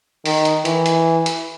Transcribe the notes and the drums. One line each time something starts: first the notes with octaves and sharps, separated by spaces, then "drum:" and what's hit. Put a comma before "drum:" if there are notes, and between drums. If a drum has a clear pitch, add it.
D#3, drum: open hi-hat
drum: hi-hat
E3, drum: hi-hat
drum: hi-hat
drum: hi-hat